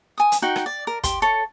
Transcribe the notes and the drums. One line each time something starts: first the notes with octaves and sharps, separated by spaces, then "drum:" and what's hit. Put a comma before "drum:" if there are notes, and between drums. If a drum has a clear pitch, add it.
G#5 D#6
drum: hi-hat
D#4 F#4 G5
drum: rim click
D5
A#4
G4 C6, drum: kick, hi-hat
A4 C#5